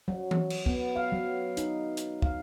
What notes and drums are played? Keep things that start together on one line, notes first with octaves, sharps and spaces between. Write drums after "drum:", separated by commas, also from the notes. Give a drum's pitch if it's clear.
F#3
drum: tom E3
drum: cymbal
B3, drum: kick
F5
F#3
D#4, drum: hi-hat
drum: hi-hat
F5, drum: kick